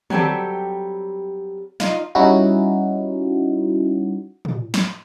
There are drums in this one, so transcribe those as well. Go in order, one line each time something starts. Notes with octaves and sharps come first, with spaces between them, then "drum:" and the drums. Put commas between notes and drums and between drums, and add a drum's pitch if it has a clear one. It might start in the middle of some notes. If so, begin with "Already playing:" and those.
F#3 G3 C4 G4 A4, drum: tom
D#4 F4, drum: snare
G3 C#4 D#4 E4 F#4
drum: tom
drum: snare